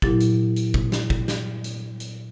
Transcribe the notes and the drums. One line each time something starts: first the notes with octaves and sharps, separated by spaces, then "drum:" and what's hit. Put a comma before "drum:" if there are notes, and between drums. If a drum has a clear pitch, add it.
A#2 F#3 E4 G4 A6, drum: kick
drum: hi-hat
drum: hi-hat
drum: kick
drum: snare
drum: kick
drum: snare
drum: hi-hat
drum: hi-hat